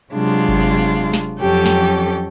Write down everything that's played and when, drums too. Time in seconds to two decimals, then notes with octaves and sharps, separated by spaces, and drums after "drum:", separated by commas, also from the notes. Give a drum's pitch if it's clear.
0.13 C3 F#3 G#3 D4 F4
0.48 drum: kick G1
1.13 drum: snare
1.39 F2 F#3 C#4 G4 A4 G5
1.66 drum: snare